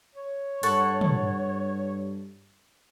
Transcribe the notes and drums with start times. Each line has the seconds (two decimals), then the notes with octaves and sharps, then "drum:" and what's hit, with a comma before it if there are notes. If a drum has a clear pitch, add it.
0.15 C#5
0.63 G2 A4 F#5 C#6, drum: hi-hat
1.01 drum: tom